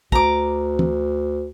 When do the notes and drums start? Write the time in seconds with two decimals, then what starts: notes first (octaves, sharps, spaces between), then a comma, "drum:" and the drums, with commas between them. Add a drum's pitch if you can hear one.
0.12 D2 A#5 D6, drum: kick
0.79 drum: tom E3